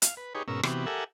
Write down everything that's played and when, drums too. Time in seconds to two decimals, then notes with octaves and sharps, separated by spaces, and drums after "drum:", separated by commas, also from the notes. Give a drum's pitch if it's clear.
0.02 F5, drum: hi-hat
0.17 B4
0.35 D#4 G4 G#4 B4 C#5
0.48 G#2 B2 C#4 A#4 E6
0.63 C3 E3 B3 F#4 G4, drum: rim click
0.86 G4 A4 A#4 E5 F#5 G#5